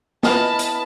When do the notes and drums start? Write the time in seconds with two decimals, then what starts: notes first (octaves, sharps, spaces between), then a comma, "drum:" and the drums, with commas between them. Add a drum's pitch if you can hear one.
0.23 B3 E4 D#5 G#5 A5 B5 F6, drum: snare
0.59 drum: hi-hat